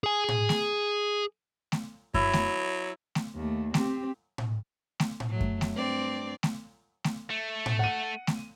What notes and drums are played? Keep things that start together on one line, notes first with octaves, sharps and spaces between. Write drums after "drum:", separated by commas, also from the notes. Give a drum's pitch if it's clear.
G#4 G#5
drum: tom A2
drum: snare A3
drum: snare A3
F#3 E4, drum: kick F#2
drum: snare A3
drum: snare A3
D#2 A3
C4 G4, drum: snare A3
drum: tom A2
drum: snare A3
drum: tom A2
F#3 A3
drum: kick F#2
drum: snare A3
G2 C4 D5
drum: snare A3
drum: snare A3
A3
drum: tom A2
F#5 D#7
drum: snare A3